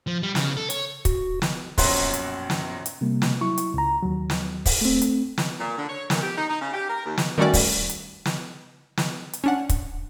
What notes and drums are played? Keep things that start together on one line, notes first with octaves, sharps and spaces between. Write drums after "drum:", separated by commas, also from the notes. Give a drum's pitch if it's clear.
F3
G3
C#3, drum: snare
A4
C#5, drum: hi-hat
F#4, drum: kick, hi-hat
drum: snare
A#1 F#2 B2 F#3 C6, drum: kick, open hi-hat
drum: hi-hat
drum: snare
drum: hi-hat
C3 G3 A#3
drum: snare
F#3 E4 C#6
drum: hi-hat
C#2 A#5
D#2 F#3
drum: snare
drum: kick, open hi-hat
A3 C4
drum: hi-hat
drum: snare
A#2
D3
C#5
A#2, drum: snare
G4
D#4
D#4
C#3
G4
A#4
D#2
drum: snare
D#3 G3 A3 C#4 F#4 D5
drum: kick, open hi-hat
drum: hi-hat
drum: snare
drum: snare
drum: hi-hat
C#4 D4 F#5
drum: kick, hi-hat